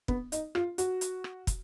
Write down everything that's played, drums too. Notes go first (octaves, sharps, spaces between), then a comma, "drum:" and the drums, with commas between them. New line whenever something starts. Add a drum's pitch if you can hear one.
B3, drum: kick
D#4, drum: hi-hat
F4, drum: rim click
F#4, drum: hi-hat
drum: hi-hat
drum: rim click
drum: kick, hi-hat